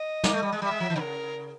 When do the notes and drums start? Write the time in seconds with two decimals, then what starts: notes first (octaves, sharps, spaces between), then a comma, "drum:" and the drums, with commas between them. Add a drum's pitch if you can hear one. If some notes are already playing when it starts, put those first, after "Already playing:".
Already playing: D#5
0.24 A#3, drum: snare
0.33 A3
0.42 G3
0.52 G#3
0.62 G3 E5
0.71 G#3
0.80 F3
0.90 E3
0.96 D3
0.99 C#3 A#4